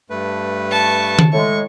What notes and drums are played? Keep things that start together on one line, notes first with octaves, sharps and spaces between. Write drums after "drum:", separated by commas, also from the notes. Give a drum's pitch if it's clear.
G2 A3 B4
A5 C#6
drum: tom D#3
A2 G#3 C#6